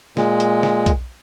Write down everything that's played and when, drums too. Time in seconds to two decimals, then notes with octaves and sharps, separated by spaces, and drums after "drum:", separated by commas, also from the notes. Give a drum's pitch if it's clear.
0.17 A#2 G#3, drum: snare
0.40 drum: hi-hat
0.63 drum: snare
0.86 drum: kick B1, hi-hat